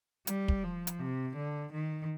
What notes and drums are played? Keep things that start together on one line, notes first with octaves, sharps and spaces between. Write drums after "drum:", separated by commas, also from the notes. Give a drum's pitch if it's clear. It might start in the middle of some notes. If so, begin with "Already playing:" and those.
G3, drum: hi-hat
drum: kick
F3
drum: hi-hat
C3
D3
D#3